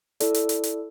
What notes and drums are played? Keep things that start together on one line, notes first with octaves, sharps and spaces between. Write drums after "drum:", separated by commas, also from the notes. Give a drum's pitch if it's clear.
E4 A4 D5, drum: hi-hat
drum: hi-hat
drum: hi-hat
drum: hi-hat